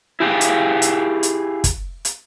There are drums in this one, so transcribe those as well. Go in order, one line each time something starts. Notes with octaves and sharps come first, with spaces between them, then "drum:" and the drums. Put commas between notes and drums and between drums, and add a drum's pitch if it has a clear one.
E4 G4 G#4 F5 G5
drum: hi-hat
drum: hi-hat
drum: hi-hat
drum: kick, hi-hat
drum: hi-hat